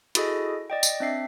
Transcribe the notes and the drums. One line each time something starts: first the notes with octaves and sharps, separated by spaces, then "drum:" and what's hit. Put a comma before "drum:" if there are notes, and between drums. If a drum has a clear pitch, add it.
E4 F#4 G#4 A4 D#5, drum: hi-hat
D5 D#5 G5
drum: tambourine
C4 D4 E5 C7